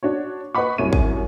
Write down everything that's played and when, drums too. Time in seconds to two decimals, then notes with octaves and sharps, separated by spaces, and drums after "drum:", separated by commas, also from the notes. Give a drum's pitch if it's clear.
0.03 D4 F#4 C#5
0.55 B4 D#5 F#5 B5 C#6
0.78 C2 F#2 C3 C#5 D#7
0.93 drum: kick